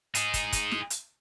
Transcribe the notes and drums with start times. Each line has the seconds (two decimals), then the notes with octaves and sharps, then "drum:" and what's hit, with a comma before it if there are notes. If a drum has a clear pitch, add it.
0.15 D#4 G#4, drum: hi-hat
0.34 drum: kick, hi-hat
0.52 drum: kick, hi-hat
0.71 drum: snare
0.90 drum: hi-hat